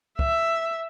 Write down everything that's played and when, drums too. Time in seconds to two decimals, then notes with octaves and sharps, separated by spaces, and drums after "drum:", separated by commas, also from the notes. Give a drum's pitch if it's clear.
0.19 E5, drum: kick